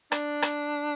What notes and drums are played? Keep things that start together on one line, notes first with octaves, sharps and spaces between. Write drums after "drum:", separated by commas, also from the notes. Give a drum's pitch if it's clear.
D4, drum: rim click
drum: rim click